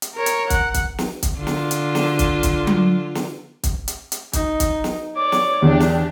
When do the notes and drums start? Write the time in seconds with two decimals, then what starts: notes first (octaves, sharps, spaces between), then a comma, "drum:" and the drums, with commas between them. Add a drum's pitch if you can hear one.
0.02 drum: hi-hat
0.15 A#4 C#5
0.26 drum: hi-hat
0.50 F#5, drum: kick, hi-hat
0.74 drum: kick, hi-hat
0.98 drum: snare
1.23 drum: kick, hi-hat
1.37 D3 F4
1.47 drum: snare
1.71 drum: hi-hat
1.95 drum: snare
2.19 drum: kick, hi-hat
2.43 drum: kick, hi-hat
2.67 drum: tom F#3
3.15 drum: snare
3.64 drum: kick, hi-hat
3.88 drum: hi-hat
4.12 drum: hi-hat
4.33 D#4, drum: kick, hi-hat
4.60 drum: kick, hi-hat
4.84 drum: snare
5.16 C#5 D5 D6
5.32 drum: snare
5.62 E2 D4 G4
5.80 drum: snare